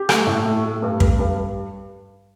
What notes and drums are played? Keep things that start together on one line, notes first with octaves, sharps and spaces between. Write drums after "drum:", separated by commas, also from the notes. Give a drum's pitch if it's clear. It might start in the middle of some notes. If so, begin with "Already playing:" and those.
Already playing: G4
A3, drum: rim click
A2
A3
A3
G2
G2, drum: kick
G2
G2